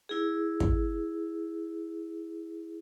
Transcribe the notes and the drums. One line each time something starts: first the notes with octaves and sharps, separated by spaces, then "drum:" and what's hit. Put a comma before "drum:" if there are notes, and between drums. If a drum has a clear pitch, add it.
E4 G#4
drum: kick